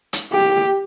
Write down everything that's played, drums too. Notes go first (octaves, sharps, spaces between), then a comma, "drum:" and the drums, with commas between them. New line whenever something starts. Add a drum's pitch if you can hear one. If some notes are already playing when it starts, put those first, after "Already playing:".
drum: hi-hat
G4